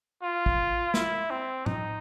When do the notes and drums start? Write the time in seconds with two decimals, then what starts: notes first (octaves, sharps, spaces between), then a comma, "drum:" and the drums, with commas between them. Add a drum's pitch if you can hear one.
0.23 F4
0.46 drum: kick
0.94 E4, drum: snare
1.31 C4
1.66 D#4, drum: tom A2